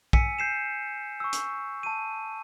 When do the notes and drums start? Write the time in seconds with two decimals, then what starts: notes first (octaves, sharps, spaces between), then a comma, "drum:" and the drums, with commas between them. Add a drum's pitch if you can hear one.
0.13 G#5 E6 B6 C#7 D#7, drum: kick
0.38 G6 C7 E7
1.20 C#6 E6
1.33 drum: hi-hat
1.83 A5 D#7